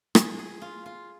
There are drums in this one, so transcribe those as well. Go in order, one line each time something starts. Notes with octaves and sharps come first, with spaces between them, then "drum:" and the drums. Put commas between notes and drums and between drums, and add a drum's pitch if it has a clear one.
G#4, drum: rim click
G#4
F4
F4